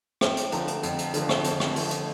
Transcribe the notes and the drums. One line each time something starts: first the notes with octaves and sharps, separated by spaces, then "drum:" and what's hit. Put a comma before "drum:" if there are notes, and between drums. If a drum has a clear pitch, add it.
F2 G5, drum: rim click
drum: hi-hat
D3 F3 A3 A#5, drum: hi-hat
drum: hi-hat
F2, drum: hi-hat
drum: hi-hat
D3 F3 A3, drum: hi-hat
drum: rim click
F2, drum: hi-hat
drum: rim click
D3 F3 A3, drum: open hi-hat
drum: hi-hat